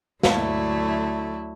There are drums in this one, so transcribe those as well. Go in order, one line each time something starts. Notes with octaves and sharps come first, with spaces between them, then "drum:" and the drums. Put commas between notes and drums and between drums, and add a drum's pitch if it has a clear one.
D2 D3 F#3 A3 E4, drum: snare